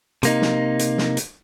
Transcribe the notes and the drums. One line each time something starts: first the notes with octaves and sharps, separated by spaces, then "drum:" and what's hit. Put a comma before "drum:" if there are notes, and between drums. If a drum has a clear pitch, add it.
C3 A#3 D#4, drum: hi-hat
drum: snare
drum: hi-hat
drum: snare
drum: hi-hat